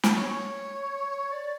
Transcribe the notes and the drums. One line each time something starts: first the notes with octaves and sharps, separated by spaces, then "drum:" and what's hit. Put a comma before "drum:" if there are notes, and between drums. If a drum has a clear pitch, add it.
drum: snare
C#5
D5